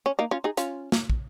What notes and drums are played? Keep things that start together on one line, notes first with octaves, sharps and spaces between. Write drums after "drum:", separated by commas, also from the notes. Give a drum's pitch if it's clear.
C#4
A#3 D#4
C#4 F4
D#4 G#4
C#4 F4, drum: hi-hat
drum: snare
drum: kick